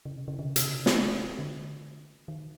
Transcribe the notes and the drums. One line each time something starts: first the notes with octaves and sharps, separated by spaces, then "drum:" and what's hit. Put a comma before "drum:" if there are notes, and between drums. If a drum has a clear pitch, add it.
C#3
C3
C#3
D3
C#3
C3, drum: hi-hat
C#3
drum: snare
D3
D#3